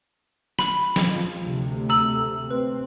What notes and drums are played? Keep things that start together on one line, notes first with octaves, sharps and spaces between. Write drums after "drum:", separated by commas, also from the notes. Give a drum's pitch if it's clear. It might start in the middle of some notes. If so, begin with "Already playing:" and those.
B5, drum: rim click
F3, drum: snare
D2 C3 A3
A#5 E6 F#7
C4 B4